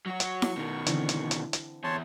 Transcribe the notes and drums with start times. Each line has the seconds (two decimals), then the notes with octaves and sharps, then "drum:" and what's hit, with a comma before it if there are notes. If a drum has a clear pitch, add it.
0.07 F#3 F#4 C#6
0.20 drum: hi-hat
0.42 drum: snare E4
0.57 B2 D#3
0.86 D3 E3 C4, drum: hi-hat
1.09 drum: hi-hat
1.31 drum: hi-hat
1.53 drum: hi-hat
1.84 E2 C#5 A5 C6